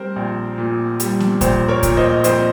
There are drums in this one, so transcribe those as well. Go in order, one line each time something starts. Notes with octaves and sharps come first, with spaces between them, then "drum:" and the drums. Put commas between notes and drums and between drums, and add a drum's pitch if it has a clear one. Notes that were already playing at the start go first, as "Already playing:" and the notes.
Already playing: G3 C4 A#4 C5
A#1
A#2
G3, drum: hi-hat
drum: snare B3
A#1 C5, drum: kick D2, hi-hat
A#4 C#5
A#2, drum: kick D2, hi-hat
C5 D#5
F2 C5 D#5, drum: hi-hat